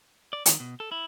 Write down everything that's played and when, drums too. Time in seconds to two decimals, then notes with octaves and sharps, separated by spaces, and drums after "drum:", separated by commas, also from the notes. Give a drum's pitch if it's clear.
0.33 D5
0.46 D#3, drum: hi-hat
0.60 B2
0.80 A4
0.92 E4